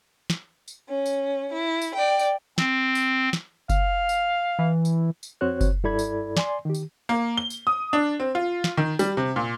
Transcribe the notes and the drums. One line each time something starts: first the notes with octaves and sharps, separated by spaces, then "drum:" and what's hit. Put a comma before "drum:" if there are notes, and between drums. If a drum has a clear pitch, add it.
drum: snare
drum: tambourine
C#4
drum: tambourine
E4
drum: tambourine
D5 G5
drum: tambourine
C4, drum: snare
drum: tambourine
drum: snare
F5, drum: kick F#1, tambourine
drum: tambourine
E3
drum: tambourine
drum: tambourine
F2 C4 F#4 C5 C#5 F#6
drum: kick F#1, tambourine
G2 E4 A4 D5 B5 G#6
drum: tambourine
D5 G#5 C6, drum: snare
D#3 G4
drum: tambourine
A#3
G7
drum: tambourine
D#6
D4
C4
F4
drum: snare
D#3
G3, drum: tambourine
C3
A#2